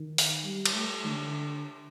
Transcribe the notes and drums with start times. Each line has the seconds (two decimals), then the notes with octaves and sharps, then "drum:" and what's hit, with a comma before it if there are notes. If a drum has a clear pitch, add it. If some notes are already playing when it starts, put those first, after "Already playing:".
Already playing: D#3
0.18 drum: open hi-hat
0.44 G3
0.66 drum: cymbal
0.76 A3
1.07 D3